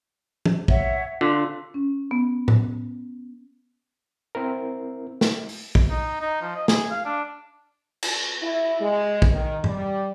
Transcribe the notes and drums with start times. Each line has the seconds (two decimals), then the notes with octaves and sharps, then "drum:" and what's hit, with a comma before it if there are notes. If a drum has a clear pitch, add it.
0.45 drum: tom
0.68 C#5 E5 F#5, drum: kick
1.21 D3 F4 D6
1.74 C#4
2.11 B3
2.48 drum: tom A2
4.35 C4 E4 A#4
5.21 drum: snare
5.49 drum: open hi-hat
5.75 drum: kick
5.90 D#4
6.21 D#4
6.42 F3
6.56 D#5
6.68 G#4, drum: snare
6.91 F5
7.05 D4
8.03 drum: cymbal
8.41 E4
8.80 G#3
9.22 drum: kick
9.32 D#3
9.64 G3, drum: tom G2